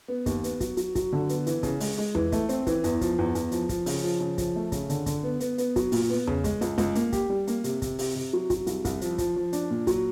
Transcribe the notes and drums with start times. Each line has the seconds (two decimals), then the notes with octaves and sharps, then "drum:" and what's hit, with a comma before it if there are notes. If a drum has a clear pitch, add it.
0.08 B3
0.26 D#2, drum: kick, hi-hat
0.44 B3, drum: hi-hat
0.60 F#3, drum: kick, hi-hat
0.77 F#3, drum: hi-hat
0.95 F#3, drum: kick, hi-hat
1.13 D3
1.29 B3, drum: hi-hat
1.47 E3, drum: hi-hat
1.63 C#3, drum: kick, hi-hat
1.80 G#3, drum: open hi-hat
1.98 G#3
2.15 E3, drum: tom E2
2.32 A3, drum: kick, hi-hat
2.49 C4, drum: hi-hat
2.67 E3, drum: kick, hi-hat
2.84 E2, drum: hi-hat
3.01 F3, drum: kick, hi-hat
3.18 E2
3.35 E2, drum: hi-hat
3.52 F3, drum: hi-hat
3.69 F3, drum: kick, hi-hat
3.86 C#3, drum: open hi-hat
4.04 F3
4.20 C#3
4.38 F3, drum: kick, hi-hat
4.56 A3
4.72 C#3, drum: kick, hi-hat
4.89 D3, drum: hi-hat
5.06 D3, drum: kick, hi-hat
5.23 B3
5.40 B3, drum: hi-hat
5.58 B3, drum: hi-hat
5.76 F#3, drum: kick, hi-hat
5.92 A#2, drum: open hi-hat
6.10 B3
6.27 C#3, drum: tom E2
6.44 G#3, drum: kick, hi-hat
6.61 C#2, drum: hi-hat
6.78 C#2, drum: kick, hi-hat
6.95 A#3, drum: hi-hat
7.12 G4, drum: kick, hi-hat
7.30 G3
7.47 A#3, drum: hi-hat
7.64 C3, drum: hi-hat
7.82 C3, drum: kick, hi-hat
7.99 C3, drum: open hi-hat
8.16 C3
8.33 F#3
8.50 F#3, drum: kick, hi-hat
8.67 C2, drum: hi-hat
8.85 C2, drum: kick, hi-hat
9.01 F3, drum: hi-hat
9.18 F3, drum: kick, hi-hat
9.36 F3
9.53 D4, drum: hi-hat
9.70 A#2
9.87 F#3, drum: kick, hi-hat